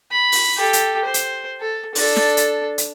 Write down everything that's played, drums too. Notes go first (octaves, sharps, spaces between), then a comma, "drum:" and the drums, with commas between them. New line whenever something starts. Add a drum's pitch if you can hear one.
B5
drum: open hi-hat
G4 A4
drum: hi-hat
C5
drum: hi-hat
A4
D4 A4, drum: open hi-hat
drum: snare
drum: hi-hat
drum: hi-hat